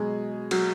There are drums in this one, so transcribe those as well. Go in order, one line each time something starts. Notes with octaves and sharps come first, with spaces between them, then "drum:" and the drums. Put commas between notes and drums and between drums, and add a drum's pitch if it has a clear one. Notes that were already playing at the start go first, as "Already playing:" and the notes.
Already playing: B2 F#3 G#3 G#4
F#3 F#4, drum: cymbal